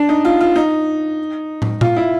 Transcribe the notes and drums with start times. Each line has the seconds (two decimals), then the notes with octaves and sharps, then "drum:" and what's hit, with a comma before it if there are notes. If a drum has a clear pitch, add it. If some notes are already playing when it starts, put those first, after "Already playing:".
Already playing: D4
0.09 D#4
0.25 F4
0.40 F4
0.56 D#4
1.62 drum: tom
1.81 F4, drum: tom A#2
1.96 E4